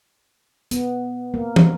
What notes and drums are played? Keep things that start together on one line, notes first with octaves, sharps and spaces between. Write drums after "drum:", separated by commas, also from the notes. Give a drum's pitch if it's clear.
B3, drum: hi-hat
A#3
drum: tom